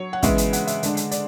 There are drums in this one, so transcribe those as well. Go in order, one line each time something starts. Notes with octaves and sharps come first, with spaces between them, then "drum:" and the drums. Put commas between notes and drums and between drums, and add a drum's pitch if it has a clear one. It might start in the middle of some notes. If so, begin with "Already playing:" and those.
Already playing: F#3 C#5
F#5
C#3 E3 G#3 B3 E5, drum: kick, hi-hat
drum: hi-hat
F#5, drum: hi-hat
E5, drum: hi-hat
D3 G#3 D4, drum: hi-hat
drum: hi-hat
D5, drum: hi-hat